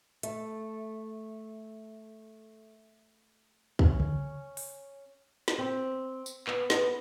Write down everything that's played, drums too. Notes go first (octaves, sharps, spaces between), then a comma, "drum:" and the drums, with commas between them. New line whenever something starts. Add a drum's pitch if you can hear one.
A3, drum: hi-hat
C#4, drum: kick
drum: tom C#3
drum: open hi-hat
drum: snare
C4
drum: tambourine
B3, drum: clap
B3, drum: snare